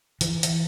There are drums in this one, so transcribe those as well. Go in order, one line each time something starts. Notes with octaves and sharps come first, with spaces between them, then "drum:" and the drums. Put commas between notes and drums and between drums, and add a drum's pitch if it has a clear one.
E3, drum: hi-hat
drum: hi-hat